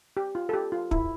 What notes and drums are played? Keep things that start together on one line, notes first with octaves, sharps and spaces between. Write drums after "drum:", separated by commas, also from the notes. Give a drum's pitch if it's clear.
G4
F4
A4
G4
F4
E4, drum: kick